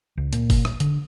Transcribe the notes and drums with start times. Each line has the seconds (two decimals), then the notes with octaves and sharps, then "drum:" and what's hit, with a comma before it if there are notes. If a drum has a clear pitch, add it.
0.17 C#2
0.33 A#2, drum: hi-hat
0.50 drum: kick F#1, open hi-hat
0.65 drum: rim click
0.80 D3, drum: hi-hat